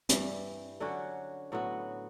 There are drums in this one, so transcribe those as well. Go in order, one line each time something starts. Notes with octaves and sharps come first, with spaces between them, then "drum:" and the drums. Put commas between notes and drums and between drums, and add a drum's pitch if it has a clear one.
G2 E3 G3, drum: hi-hat
D3 F#3 C#4 F#4
A2 F#3 B3 F#4